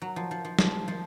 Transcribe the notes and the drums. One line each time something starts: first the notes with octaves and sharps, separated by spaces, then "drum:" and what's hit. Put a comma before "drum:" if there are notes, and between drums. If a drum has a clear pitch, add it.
F#3
F3
F3
F3
F3, drum: snare
F3